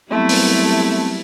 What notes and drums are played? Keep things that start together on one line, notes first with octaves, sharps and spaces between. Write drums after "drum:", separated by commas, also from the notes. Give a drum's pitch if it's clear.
F#3 G3 A3 B3 C4 E4 A5
drum: open hi-hat